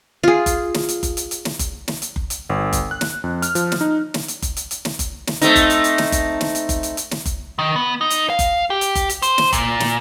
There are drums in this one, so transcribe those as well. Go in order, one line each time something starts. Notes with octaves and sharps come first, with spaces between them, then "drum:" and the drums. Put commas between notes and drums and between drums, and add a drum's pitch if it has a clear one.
F4 G#4
drum: kick F#1, hi-hat
drum: snare
drum: hi-hat
drum: kick F#1, hi-hat
drum: hi-hat
drum: hi-hat
drum: snare
drum: kick F#1, hi-hat
drum: snare
drum: hi-hat
drum: kick F#1
drum: hi-hat
G1
drum: kick F#1, hi-hat
F#6
drum: snare
F2
F6, drum: hi-hat
F3, drum: hi-hat
drum: snare
D#4
drum: snare
drum: hi-hat
drum: kick F#1, hi-hat
drum: hi-hat
drum: hi-hat
drum: snare
drum: kick F#1, hi-hat
drum: snare
A3 C4 D#4, drum: hi-hat
drum: kick F#1, hi-hat
drum: hi-hat
drum: hi-hat
drum: snare
drum: kick F#1, hi-hat
drum: snare
drum: hi-hat
drum: kick F#1, hi-hat
drum: hi-hat
drum: hi-hat
drum: snare
drum: kick F#1, hi-hat
D#3
B3
D#4
drum: hi-hat
F5
drum: kick F#1, hi-hat
G4
drum: hi-hat
drum: kick F#1, hi-hat
drum: hi-hat
C5, drum: hi-hat
drum: snare
A#2, drum: kick F#1, hi-hat
drum: snare